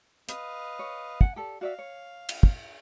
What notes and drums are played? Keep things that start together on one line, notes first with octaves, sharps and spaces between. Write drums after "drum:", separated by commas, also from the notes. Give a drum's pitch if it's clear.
B4 D#5 F5, drum: hi-hat
C#5
F#5 G#5, drum: kick
G4 A4 D5
F#4 D5 E5 F5
C#5
drum: cymbal
drum: kick